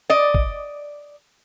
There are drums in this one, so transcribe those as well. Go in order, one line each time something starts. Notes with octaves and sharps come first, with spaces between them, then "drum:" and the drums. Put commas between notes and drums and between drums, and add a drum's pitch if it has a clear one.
D5 D#5
drum: kick